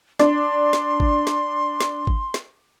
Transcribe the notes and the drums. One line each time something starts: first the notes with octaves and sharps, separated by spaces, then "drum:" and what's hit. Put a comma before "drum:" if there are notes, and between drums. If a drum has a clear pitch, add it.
D4 C6, drum: snare
drum: snare
drum: kick
drum: snare
drum: snare
drum: kick
drum: snare